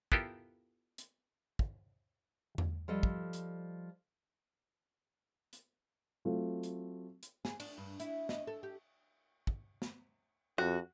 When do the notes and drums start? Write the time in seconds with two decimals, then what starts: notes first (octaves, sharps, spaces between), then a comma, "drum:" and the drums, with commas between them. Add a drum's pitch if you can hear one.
0.12 B3 E4 F4 G4 A4 A#4, drum: kick
0.98 drum: hi-hat
1.59 drum: kick
2.58 drum: tom E2
2.88 F3 G3 A4 D#5
3.03 drum: kick
3.33 drum: hi-hat
5.53 drum: hi-hat
6.25 F#3 A3 C4 F4
6.63 drum: hi-hat
7.23 drum: hi-hat
7.45 G#4, drum: snare
7.60 D4, drum: cymbal
7.78 G2
8.00 E4, drum: hi-hat
8.29 D#5, drum: snare
8.47 A4
8.63 G4
9.47 drum: kick
9.82 drum: snare
10.58 F2 F#4